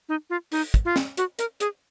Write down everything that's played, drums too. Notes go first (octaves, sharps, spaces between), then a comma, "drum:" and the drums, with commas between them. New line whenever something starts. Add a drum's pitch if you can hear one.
D#4
F4
D#4, drum: open hi-hat
drum: kick, hi-hat
F4
drum: snare
F#4, drum: hi-hat
A#4, drum: hi-hat
G#4, drum: hi-hat